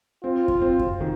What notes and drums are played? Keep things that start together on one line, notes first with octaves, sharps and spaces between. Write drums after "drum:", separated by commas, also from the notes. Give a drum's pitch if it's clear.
C4 F4
drum: kick F#2
C4
drum: kick F#2
D#3